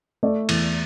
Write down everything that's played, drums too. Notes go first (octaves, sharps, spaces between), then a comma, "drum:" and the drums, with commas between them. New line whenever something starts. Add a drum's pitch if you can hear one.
A3 D5
E2, drum: cymbal